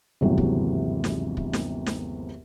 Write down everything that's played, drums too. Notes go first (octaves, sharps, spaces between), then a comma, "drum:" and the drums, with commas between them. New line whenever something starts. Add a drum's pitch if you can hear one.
G1 D#2 G#2 C3 E3 F#3
drum: kick
drum: snare
drum: kick
drum: snare
drum: snare